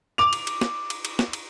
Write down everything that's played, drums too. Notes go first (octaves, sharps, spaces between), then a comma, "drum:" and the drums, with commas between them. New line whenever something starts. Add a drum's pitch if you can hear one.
D6 F7
drum: cymbal
drum: cymbal
drum: snare
drum: cymbal
drum: cymbal
drum: snare
drum: cymbal